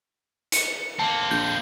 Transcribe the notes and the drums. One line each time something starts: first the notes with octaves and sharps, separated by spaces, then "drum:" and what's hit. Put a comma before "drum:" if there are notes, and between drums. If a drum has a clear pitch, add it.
C#7, drum: hi-hat
A#3 C4 A5
A#1 G6